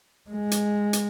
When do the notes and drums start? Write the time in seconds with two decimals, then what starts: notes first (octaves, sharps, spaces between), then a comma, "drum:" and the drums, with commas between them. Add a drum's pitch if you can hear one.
0.30 G#3
0.51 drum: hi-hat
0.93 drum: hi-hat